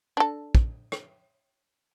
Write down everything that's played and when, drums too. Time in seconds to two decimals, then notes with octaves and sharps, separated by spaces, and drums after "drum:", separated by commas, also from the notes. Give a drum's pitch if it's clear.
0.17 D4 A4
0.55 drum: kick
0.92 drum: rim click